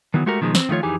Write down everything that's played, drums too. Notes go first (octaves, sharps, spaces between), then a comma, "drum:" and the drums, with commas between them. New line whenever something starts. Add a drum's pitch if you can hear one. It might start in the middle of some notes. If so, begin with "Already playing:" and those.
D#3 E3 F#3 B3
G#3 A3 F#4 G4 A#4
B2 D#3 F3 G3 G#3
C4, drum: snare
D#3 F3 A3 F4 C#5
F2 E3 D#4 G4 G#4 G#5